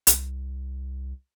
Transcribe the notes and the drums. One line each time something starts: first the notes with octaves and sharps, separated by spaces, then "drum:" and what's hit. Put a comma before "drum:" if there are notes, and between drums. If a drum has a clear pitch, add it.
C2, drum: hi-hat